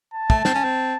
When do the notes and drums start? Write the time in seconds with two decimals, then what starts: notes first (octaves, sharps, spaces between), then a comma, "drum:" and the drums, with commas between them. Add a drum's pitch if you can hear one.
0.14 A5
0.30 A3, drum: kick
0.45 C4, drum: snare
0.55 C#4
0.64 C4